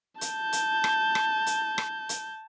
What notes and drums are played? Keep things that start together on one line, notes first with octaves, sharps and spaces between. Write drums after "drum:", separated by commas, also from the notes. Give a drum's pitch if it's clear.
A5 G6, drum: hi-hat
drum: hi-hat
drum: rim click
drum: rim click
drum: hi-hat
drum: rim click
drum: hi-hat